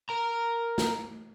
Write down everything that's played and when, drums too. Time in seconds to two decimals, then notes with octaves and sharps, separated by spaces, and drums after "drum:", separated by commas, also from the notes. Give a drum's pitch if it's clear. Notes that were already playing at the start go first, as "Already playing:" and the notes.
0.09 A#4 A#5
0.78 drum: snare